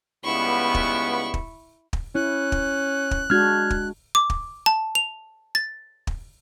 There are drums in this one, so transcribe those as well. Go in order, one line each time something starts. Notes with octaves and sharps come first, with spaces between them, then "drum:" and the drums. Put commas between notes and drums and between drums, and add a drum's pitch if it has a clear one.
C#2 G3 B3 E4 C#6
drum: kick
drum: kick
drum: kick
C#4 E4 F#6
drum: kick
drum: kick
G#3 D4 F#4 F6 G#6
drum: kick
D6
drum: kick
A5
F7
A6
drum: kick